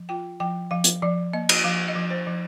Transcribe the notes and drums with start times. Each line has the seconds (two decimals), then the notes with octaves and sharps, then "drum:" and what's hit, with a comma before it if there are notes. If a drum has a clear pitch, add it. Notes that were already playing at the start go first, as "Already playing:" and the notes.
Already playing: F3
0.09 F4 G5
0.40 F3 G5
0.71 F3 F5
0.84 drum: hi-hat
1.02 F3 D5
1.33 A#3 D#5
1.49 drum: cymbal
1.64 F3 F5
1.88 D#5
1.95 F3
2.10 C5
2.27 F3